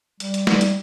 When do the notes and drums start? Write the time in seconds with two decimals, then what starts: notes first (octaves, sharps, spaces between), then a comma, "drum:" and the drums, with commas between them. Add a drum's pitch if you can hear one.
0.20 G3, drum: hi-hat
0.34 drum: hi-hat
0.47 G3, drum: snare
0.61 drum: hi-hat